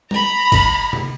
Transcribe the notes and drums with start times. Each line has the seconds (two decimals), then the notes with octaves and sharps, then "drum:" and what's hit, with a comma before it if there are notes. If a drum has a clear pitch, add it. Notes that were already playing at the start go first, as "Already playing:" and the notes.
0.11 A#5 B5, drum: tom G3
0.52 drum: kick G1, cymbal
0.93 drum: tom C3